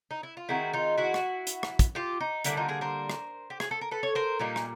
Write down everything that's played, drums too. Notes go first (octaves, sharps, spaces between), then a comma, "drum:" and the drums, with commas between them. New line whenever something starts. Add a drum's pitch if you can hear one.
D#4
E4
F4
D#3 G#3 C4 D#4 E4 F#4
D#4 F4
E4 F#4
drum: rim click
drum: hi-hat
drum: rim click
drum: kick, hi-hat
F4 G4
D#4
D3 G3 A#3 D4 E4, drum: hi-hat
D#4 F4
G#4 A#4
A#4 C5
drum: rim click
G4
G#4, drum: rim click
A4
A#4
A4 B4
C#5
A#4 C5
A#2 G3 A#3 D#4
drum: rim click